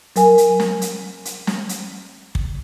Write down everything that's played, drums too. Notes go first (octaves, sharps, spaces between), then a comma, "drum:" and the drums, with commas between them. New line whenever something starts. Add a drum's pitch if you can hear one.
F#3 A#4 G#5, drum: hi-hat
drum: hi-hat
drum: snare
drum: hi-hat
drum: hi-hat
drum: snare
drum: hi-hat
drum: kick